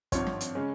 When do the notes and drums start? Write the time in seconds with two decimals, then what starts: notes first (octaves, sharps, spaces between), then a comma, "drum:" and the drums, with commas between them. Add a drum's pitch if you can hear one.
0.12 G#1 G2 F3 C4 C#5, drum: kick, hi-hat
0.27 drum: snare
0.41 drum: hi-hat
0.55 C#3 G#3 C#4